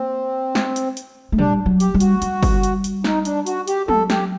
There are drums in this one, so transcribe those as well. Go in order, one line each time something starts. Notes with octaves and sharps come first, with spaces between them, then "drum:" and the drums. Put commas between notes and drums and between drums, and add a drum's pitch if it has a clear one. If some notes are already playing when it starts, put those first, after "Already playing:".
Already playing: A#3 C4
drum: snare
drum: hi-hat
drum: hi-hat
A3
G3 D4, drum: tom
F#3
G4, drum: hi-hat
G3
F#4, drum: hi-hat
G3, drum: hi-hat
drum: kick, open hi-hat
drum: hi-hat
drum: hi-hat
D#4, drum: snare
D4, drum: hi-hat
F#4, drum: hi-hat
G4, drum: hi-hat
F#3 A4, drum: tom
G4, drum: snare